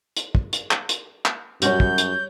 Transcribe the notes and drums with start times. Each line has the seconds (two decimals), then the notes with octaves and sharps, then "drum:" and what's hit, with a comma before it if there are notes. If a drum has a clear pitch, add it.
0.17 drum: hi-hat
0.35 drum: kick
0.53 drum: hi-hat
0.71 drum: clap
0.89 drum: hi-hat
1.25 drum: clap
1.62 F#2 G3 C#4 F#4 C#5 G6, drum: hi-hat
1.80 drum: kick
1.98 drum: hi-hat